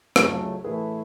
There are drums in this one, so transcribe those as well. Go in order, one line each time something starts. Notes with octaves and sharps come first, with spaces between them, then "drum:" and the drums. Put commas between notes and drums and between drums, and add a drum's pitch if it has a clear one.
C#2 C#3 F#3 A3 E4 G#4, drum: rim click
A2 E3 A3 E4 G#4 B4